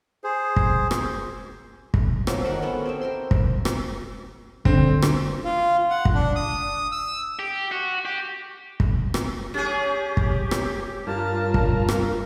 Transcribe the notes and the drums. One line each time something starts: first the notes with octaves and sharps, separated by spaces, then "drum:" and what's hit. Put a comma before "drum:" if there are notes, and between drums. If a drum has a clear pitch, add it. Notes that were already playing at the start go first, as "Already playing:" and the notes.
G#4 C5
drum: kick
drum: rim click
drum: kick
F3 F#3, drum: rim click
D#3 A#4 F#5 A5
B3 C#4 A4 B4
C4 G4 E5
A#4 G5 C6
drum: kick
drum: rim click
D3 C4, drum: kick
drum: rim click
F4
F#5
drum: kick
D4
D#6
E6
G4
F#4
G4
drum: kick
drum: rim click
C#4 G4 G#4
drum: kick
drum: rim click
G2 F4 A#4 A5
drum: kick
drum: rim click